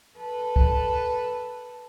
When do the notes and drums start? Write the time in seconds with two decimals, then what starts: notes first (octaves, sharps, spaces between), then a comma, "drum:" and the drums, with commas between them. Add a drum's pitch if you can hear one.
0.18 A4 B4
0.56 drum: kick